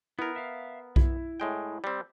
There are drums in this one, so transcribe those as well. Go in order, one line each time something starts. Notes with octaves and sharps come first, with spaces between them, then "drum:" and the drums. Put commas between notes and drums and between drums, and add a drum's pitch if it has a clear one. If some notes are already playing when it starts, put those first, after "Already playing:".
B3 E4 A#4
E5 F5
E4, drum: kick B1
A2 G#3 G5
G3 C4